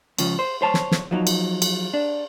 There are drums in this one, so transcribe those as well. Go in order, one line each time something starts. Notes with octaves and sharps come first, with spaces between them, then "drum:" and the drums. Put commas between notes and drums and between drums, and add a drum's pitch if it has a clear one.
C#2 C#3 F3, drum: cymbal
C5
C5 C#5 A5
drum: snare
drum: snare
F3 F#3 D#4
drum: cymbal
drum: cymbal
D4